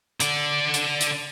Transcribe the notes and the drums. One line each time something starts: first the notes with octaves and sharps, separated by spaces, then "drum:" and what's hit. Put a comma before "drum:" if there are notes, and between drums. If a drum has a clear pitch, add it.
D3 D5, drum: hi-hat
drum: hi-hat
drum: hi-hat